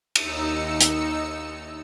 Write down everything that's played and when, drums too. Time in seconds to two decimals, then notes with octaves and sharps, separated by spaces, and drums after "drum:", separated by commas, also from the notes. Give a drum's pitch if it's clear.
0.15 D#2 D#4 E6 C#7, drum: cymbal
0.81 drum: hi-hat